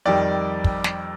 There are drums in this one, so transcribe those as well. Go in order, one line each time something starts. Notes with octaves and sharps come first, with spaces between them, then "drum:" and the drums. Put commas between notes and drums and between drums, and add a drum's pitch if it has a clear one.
F2 D#3 G3 D5
drum: kick
drum: snare